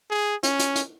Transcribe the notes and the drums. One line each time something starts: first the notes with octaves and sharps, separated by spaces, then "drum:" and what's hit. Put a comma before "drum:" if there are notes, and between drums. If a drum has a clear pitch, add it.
G#4
C#4, drum: hi-hat
drum: hi-hat
drum: hi-hat